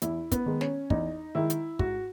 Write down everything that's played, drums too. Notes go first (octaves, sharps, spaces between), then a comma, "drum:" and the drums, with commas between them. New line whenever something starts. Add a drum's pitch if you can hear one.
E2 E4, drum: hi-hat
B3, drum: kick, hi-hat
D#3 G#3
C#4, drum: snare
E2 D#4, drum: kick
D#3 G#3 E4
drum: hi-hat
G#2 F#4, drum: kick